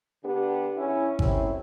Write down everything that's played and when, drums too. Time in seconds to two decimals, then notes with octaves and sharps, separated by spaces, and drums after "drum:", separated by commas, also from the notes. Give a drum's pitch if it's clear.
0.24 D3 B3 D4 G4
0.77 C#3 C#4 E4
1.19 F#2 A2 C3 C#4 E4, drum: kick G#1